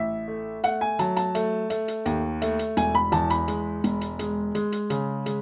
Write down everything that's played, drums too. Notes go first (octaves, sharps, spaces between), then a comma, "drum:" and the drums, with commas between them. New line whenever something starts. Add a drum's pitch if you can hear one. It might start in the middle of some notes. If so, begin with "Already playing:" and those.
Already playing: A1 E5
A3
A3 F#5, drum: hi-hat
G#5
F#3 A5, drum: hi-hat
A5, drum: hi-hat
A3, drum: hi-hat
A3, drum: hi-hat
drum: hi-hat
D#2, drum: hi-hat
A3, drum: hi-hat
drum: hi-hat
E1 G#5, drum: hi-hat
B5
E2 A5, drum: hi-hat
B5, drum: hi-hat
G#3, drum: hi-hat
E1, drum: hi-hat
drum: hi-hat
G#3, drum: hi-hat
G#3, drum: hi-hat
drum: hi-hat
C#3, drum: hi-hat
G#3, drum: hi-hat